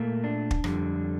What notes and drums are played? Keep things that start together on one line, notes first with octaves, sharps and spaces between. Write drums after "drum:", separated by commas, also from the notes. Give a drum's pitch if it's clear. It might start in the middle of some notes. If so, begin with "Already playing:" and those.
Already playing: A#2 A3 A#3
D4
drum: kick
F2 D3 G3, drum: rim click